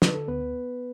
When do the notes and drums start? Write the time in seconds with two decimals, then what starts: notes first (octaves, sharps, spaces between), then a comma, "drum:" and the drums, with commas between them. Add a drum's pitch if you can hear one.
0.02 D3 B4, drum: snare
0.14 A4
0.28 D2 B3 B4